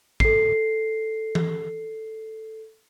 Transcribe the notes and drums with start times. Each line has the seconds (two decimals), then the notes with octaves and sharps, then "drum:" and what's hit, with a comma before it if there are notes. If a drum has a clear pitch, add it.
0.20 A4 C7, drum: kick
1.35 drum: tom E3